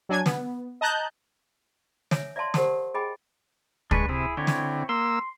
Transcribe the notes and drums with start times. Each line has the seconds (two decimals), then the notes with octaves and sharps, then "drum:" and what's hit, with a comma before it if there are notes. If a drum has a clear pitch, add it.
0.09 F#3 D4 G#5 G#6
0.26 B3, drum: snare
0.81 D#5 A5 A#5 F#6 G6
2.11 C#5 E5 G#5, drum: snare
2.36 D5 E5 F5 A5 C6
2.54 G4 A#4 C5 F#5 A5 D#6, drum: snare
2.94 G#4 D#5 G5 G#5 B5
3.91 G#3 D4 B4 C#6, drum: kick
4.09 C3 E4 G#4
4.37 D3 C4 E4 C#5
4.47 drum: snare
4.89 A#3 C6 E6